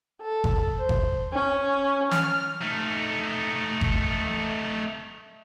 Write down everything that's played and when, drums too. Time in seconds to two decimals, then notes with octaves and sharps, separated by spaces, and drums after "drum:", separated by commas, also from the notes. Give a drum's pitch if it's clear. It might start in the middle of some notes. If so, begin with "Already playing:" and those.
0.22 A4
0.44 drum: kick G1
0.79 C5
0.89 drum: kick G1
1.33 C#4
2.11 F6, drum: snare
2.61 A3 D#4
3.81 drum: kick G1